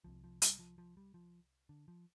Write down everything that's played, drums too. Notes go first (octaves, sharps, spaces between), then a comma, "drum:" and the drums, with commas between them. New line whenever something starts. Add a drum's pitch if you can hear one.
C2 C3 F3
F3
G3, drum: hi-hat
F3
F3
G3
F3
D3
F3